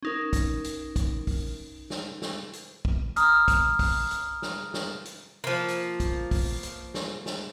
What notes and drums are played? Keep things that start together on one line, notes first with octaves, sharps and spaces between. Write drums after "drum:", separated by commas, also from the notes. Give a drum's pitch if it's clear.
C#4 D#4 A#4
drum: kick, hi-hat
drum: hi-hat
drum: kick, hi-hat
drum: kick, open hi-hat
drum: snare
drum: snare
drum: hi-hat
drum: kick
A#5 D#6 F6, drum: hi-hat
drum: kick, hi-hat
drum: kick, open hi-hat
drum: hi-hat
drum: snare
drum: snare
drum: hi-hat
F3 A#3
drum: hi-hat
drum: kick, hi-hat
drum: kick, open hi-hat
drum: hi-hat
drum: snare
drum: snare